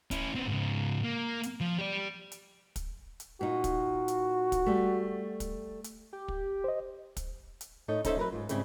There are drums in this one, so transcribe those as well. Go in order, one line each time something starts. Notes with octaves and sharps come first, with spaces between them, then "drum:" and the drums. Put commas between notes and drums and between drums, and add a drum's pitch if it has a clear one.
C#4 E4, drum: kick, hi-hat
B3 C4
G#2 C#3
A#3
drum: hi-hat
F3
G4 D5
drum: hi-hat
drum: kick, hi-hat
drum: hi-hat
A#2 D#4 F#4
drum: kick, hi-hat
drum: hi-hat
drum: kick, hi-hat
G3 A3
drum: kick, hi-hat
drum: hi-hat
G4
drum: kick
C5 D#5
drum: kick, hi-hat
drum: hi-hat
A2 D#4 A4 C#5
C#4 D#4 A4 C5 D5 E5, drum: kick, hi-hat
F#3 A#4 B4
G#2 F4
G#2 C#3 G3 C4 C#4 E4, drum: hi-hat